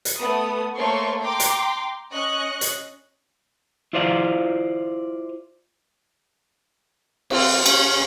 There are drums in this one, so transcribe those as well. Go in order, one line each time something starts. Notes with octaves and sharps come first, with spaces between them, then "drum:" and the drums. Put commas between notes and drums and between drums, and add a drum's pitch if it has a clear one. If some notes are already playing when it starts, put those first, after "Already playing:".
drum: hi-hat
A3 B3 D#6
A3 A#3 C5 C#5 C6 C#6
G5 A#5 C6 D6
drum: hi-hat
C#4 D#5 C#6 F#6
drum: hi-hat
E4 F4 C5 D5 F5
C4 F4, drum: cymbal
C#4, drum: cymbal